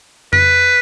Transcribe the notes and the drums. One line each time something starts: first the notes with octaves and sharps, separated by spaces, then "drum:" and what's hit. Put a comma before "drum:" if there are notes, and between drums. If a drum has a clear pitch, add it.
B4, drum: tom F2